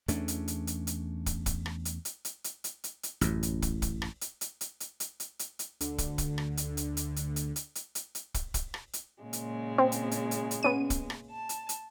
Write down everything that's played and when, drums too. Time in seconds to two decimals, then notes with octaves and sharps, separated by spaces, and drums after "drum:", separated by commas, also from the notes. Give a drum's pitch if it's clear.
0.08 E2 A3 C#4 D4, drum: hi-hat
0.28 drum: hi-hat
0.48 drum: hi-hat
0.67 drum: hi-hat
0.87 drum: hi-hat
1.26 drum: kick, hi-hat
1.46 drum: kick, hi-hat
1.66 drum: rim click
1.85 drum: hi-hat
2.05 drum: hi-hat
2.25 drum: hi-hat
2.44 drum: hi-hat
2.64 drum: hi-hat
2.84 drum: hi-hat
3.03 drum: hi-hat
3.21 A1 F#2, drum: hi-hat
3.43 drum: hi-hat
3.62 drum: kick, hi-hat
3.82 drum: kick, hi-hat
4.02 drum: rim click
4.21 drum: hi-hat
4.41 drum: hi-hat
4.61 drum: hi-hat
4.80 drum: hi-hat
5.00 drum: hi-hat
5.20 drum: hi-hat
5.39 drum: hi-hat
5.59 drum: hi-hat
5.81 D2 D3, drum: hi-hat
5.98 drum: kick, hi-hat
6.18 drum: kick, hi-hat
6.38 drum: rim click
6.57 drum: hi-hat
6.77 drum: hi-hat
6.97 drum: hi-hat
7.16 drum: hi-hat
7.36 drum: hi-hat
7.56 drum: hi-hat
7.75 drum: hi-hat
7.95 drum: hi-hat
8.15 drum: hi-hat
8.34 drum: kick, hi-hat
8.54 drum: kick, hi-hat
8.74 drum: rim click
8.93 drum: hi-hat
9.22 A#2 C#3 G#3
9.33 drum: hi-hat
9.78 C4
9.92 drum: hi-hat
10.11 drum: hi-hat
10.31 drum: hi-hat
10.51 drum: hi-hat
10.63 B3 C#4 D#7
10.90 drum: kick, hi-hat
11.10 drum: rim click
11.32 A5
11.49 drum: hi-hat
11.69 drum: hi-hat